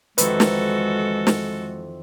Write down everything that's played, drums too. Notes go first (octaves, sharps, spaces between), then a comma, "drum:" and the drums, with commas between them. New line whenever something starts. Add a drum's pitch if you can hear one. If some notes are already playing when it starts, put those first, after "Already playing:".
F2 D#3 E3 G#3 F#4 A4 B4, drum: hi-hat
drum: snare
drum: snare